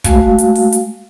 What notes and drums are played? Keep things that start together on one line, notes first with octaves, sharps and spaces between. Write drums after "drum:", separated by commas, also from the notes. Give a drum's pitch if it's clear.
G#3 A3 F#4 F5, drum: kick, hi-hat
drum: hi-hat
drum: open hi-hat
drum: hi-hat